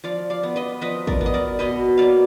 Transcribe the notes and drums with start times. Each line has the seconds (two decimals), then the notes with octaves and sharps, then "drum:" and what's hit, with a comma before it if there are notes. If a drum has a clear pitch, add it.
0.04 F3 D5 F5
0.30 D5 F5
0.43 B3
0.56 B4 D#5
0.81 F3 B4 D#5
1.07 A#4 D5, drum: kick
1.21 B3
1.26 D#5
1.34 A#4 D5
1.59 B2 B4 D#5
1.98 F#3 A#3 D5 F5